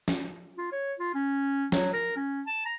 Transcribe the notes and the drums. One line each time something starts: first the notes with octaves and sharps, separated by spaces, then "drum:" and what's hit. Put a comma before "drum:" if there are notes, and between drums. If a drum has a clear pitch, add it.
drum: snare
F4
C#5
F4
C#4
F#3, drum: snare
A#4
C#4
A5
A#5